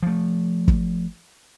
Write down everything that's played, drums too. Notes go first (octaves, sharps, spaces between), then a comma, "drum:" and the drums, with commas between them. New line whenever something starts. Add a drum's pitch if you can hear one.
F3 A3
drum: kick